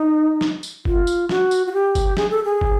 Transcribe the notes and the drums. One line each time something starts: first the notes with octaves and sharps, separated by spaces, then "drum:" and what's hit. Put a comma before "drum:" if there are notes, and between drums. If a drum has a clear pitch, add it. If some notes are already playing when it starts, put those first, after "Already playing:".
Already playing: D#4
drum: snare
drum: tambourine
F4, drum: kick
drum: tambourine
F#4, drum: snare
drum: tambourine
F#4
G4
drum: kick, tambourine
G#4, drum: snare
A4
G#4
drum: kick